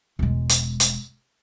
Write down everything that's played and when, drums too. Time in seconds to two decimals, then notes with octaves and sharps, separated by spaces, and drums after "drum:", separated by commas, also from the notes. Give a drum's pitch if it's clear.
0.19 E1 G#3
0.49 drum: hi-hat
0.80 drum: hi-hat